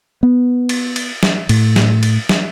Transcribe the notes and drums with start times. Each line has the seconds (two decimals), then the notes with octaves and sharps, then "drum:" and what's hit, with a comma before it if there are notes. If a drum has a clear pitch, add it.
0.23 B3
0.69 drum: cymbal
0.96 drum: cymbal
1.23 drum: snare
1.49 A2, drum: cymbal
1.76 drum: snare
2.03 drum: cymbal
2.29 drum: snare